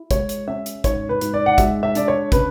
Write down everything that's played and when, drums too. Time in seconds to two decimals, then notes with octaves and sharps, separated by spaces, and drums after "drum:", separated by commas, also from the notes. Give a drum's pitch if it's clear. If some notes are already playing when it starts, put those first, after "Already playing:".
Already playing: E4
0.11 G#3 C#5, drum: kick, hi-hat
0.29 drum: hi-hat
0.47 C#4 E5
0.66 drum: hi-hat
0.84 G#2 C#5, drum: kick, hi-hat
1.09 B4
1.21 G#2, drum: hi-hat
1.34 D5
1.46 F#5
1.58 G#3 E5, drum: kick, hi-hat
1.83 E5
1.95 D4 D5, drum: hi-hat
2.08 C#5
2.32 C#3 B4, drum: kick, hi-hat